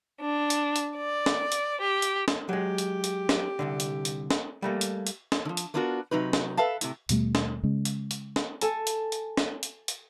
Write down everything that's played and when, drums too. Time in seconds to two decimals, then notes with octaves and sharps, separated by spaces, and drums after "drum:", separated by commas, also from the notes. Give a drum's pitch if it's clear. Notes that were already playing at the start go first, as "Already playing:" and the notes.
0.22 D4
0.50 drum: hi-hat
0.76 drum: hi-hat
0.97 D5
1.26 drum: snare
1.52 drum: hi-hat
1.81 G4
2.02 drum: hi-hat
2.28 drum: snare
2.49 F#3 G#3 G4
2.78 drum: hi-hat
3.04 drum: hi-hat
3.29 drum: snare
3.59 C2 G#2 D3
3.80 drum: hi-hat
4.05 drum: hi-hat
4.31 drum: snare
4.62 G3 A3 A#3
4.81 drum: hi-hat
5.07 drum: hi-hat
5.32 drum: snare
5.45 D3 F3
5.57 drum: hi-hat
5.74 A3 B3 D4 F4 F#4 A#4
6.11 C3 F#3 D#4 B4
6.33 drum: snare
6.57 A4 B4 E5 F5 A5
6.81 A2 C3, drum: hi-hat
7.09 D#2 B2 G3 A3, drum: hi-hat
7.35 drum: snare
7.63 C#3 G#3 C#4
7.85 drum: hi-hat
8.11 drum: hi-hat
8.36 drum: snare
8.61 A4 G#5 A5, drum: hi-hat
8.87 drum: hi-hat
9.12 drum: hi-hat
9.37 drum: snare
9.63 drum: hi-hat
9.88 drum: hi-hat